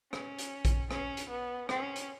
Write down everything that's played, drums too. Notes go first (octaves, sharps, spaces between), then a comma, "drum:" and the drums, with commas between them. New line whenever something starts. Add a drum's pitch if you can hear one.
C#4, drum: rim click
drum: hi-hat
drum: kick A#1, hi-hat
C#4, drum: rim click
drum: hi-hat
B3
C#4, drum: rim click
drum: hi-hat